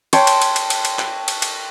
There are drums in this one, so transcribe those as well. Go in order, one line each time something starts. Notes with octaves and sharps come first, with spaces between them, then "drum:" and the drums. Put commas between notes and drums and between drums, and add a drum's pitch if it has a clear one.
C#5 G5 A5 C6, drum: cymbal
drum: cymbal
drum: cymbal
drum: cymbal
drum: cymbal
drum: cymbal
drum: clap
drum: cymbal
drum: cymbal